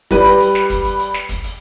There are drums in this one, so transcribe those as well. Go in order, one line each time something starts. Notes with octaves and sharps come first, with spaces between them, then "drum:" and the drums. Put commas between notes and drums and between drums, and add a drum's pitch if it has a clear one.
G3 B4, drum: kick, hi-hat
drum: hi-hat
drum: hi-hat
drum: snare
drum: kick, hi-hat
drum: hi-hat
drum: hi-hat
drum: snare
drum: kick, hi-hat
drum: hi-hat